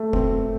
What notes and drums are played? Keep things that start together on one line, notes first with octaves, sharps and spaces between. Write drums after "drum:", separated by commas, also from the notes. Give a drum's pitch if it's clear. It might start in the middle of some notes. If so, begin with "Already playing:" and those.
Already playing: A3
C4, drum: kick F1